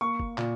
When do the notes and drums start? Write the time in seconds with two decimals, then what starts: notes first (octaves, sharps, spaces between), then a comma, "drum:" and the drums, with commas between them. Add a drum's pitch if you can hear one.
0.01 A#3 C#6
0.19 drum: kick
0.38 A#2, drum: clap